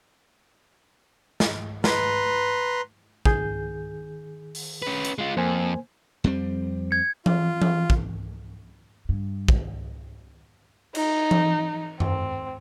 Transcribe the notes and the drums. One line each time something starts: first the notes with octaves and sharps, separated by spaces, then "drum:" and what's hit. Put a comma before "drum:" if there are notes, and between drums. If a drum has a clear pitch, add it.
drum: snare
B4 A#5 C6, drum: snare
D#3 G#4 G6, drum: kick
drum: open hi-hat
C#4 B4
drum: hi-hat
G#3 F4
F2 A#3 C5 G#5
F2 G3 C4
G#6 C#7
F4, drum: tom E3
drum: tom E3
drum: kick
G2
drum: kick
D#4, drum: cymbal
drum: tom E3
C4, drum: tom F#2